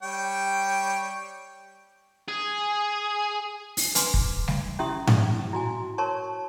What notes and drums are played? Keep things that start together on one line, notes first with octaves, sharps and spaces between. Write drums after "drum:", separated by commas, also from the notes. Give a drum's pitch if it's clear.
G3 C#5 G5
G#4
drum: open hi-hat
B4 G#5 C6 D6, drum: hi-hat
drum: kick
drum: snare G3
C#4 E4 G4 E5 C6 D#6
drum: tom G#2
E4 F#4 G#5
A#4 C#5 A5 C6 C#6